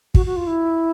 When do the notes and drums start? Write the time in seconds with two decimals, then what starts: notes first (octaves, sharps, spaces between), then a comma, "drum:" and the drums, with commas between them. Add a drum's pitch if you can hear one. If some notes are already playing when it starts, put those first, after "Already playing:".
0.15 F#4, drum: kick
0.26 F#4
0.36 F4
0.47 E4